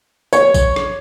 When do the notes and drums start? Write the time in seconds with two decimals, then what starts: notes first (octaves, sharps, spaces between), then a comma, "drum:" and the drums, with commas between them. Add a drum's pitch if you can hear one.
0.33 C#5, drum: tambourine
0.54 drum: kick A1, tambourine
0.76 drum: rim click